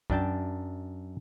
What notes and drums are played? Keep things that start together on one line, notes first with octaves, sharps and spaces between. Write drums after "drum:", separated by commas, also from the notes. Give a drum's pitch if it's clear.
F#2 D4 G5 A5, drum: kick